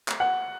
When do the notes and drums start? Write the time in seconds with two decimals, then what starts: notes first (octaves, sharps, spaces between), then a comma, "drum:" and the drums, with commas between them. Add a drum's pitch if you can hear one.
0.08 drum: clap
0.20 F#5